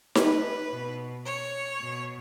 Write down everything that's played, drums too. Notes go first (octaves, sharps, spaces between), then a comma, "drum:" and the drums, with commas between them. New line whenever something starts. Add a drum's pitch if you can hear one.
B4, drum: snare D#4
B2
C#5
B2